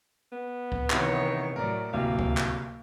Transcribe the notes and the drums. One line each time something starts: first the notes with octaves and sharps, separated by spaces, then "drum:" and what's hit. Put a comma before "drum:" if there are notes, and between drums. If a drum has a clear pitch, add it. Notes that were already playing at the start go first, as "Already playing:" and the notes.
B3
drum: kick C#2
C3 D#3 E3 C#5, drum: clap
A2 F#3 A#4 D5
D1 C3 A#3 F5
drum: kick C#2
drum: clap